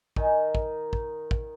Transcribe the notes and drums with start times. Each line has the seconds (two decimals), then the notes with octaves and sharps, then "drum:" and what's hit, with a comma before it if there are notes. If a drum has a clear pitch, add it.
0.16 D#3 D#4 G#5, drum: kick
0.55 drum: kick
0.93 drum: kick
1.31 drum: kick